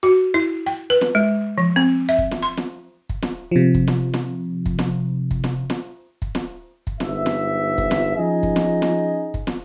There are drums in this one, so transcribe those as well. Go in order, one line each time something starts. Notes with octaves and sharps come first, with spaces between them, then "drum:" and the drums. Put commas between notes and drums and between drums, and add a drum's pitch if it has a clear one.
F#4
E4
G5
B4
drum: snare
G#3
F3
C4
E5
drum: kick
drum: snare
C6
drum: snare
drum: kick
drum: snare
C3 F3
drum: kick
drum: snare
drum: snare
drum: kick
drum: snare
drum: kick
drum: snare
drum: snare
drum: kick
drum: snare
drum: kick
G1 G#2 E5, drum: snare
drum: snare
drum: kick
drum: snare
F3 C#4 D#4 G#4 D#5
drum: kick
drum: snare
drum: snare
drum: kick
drum: snare